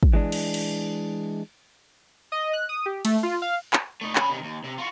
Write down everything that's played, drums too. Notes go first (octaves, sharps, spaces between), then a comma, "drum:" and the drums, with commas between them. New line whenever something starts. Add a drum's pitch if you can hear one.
drum: kick
E3 G#3 D4
drum: cymbal
drum: cymbal
D#5
F#6
D#6
G4
A3, drum: cymbal
F4
F5
drum: clap
A3 D#4
C#4 B5, drum: clap
C3 D#3
D#2
C3
F4 F#4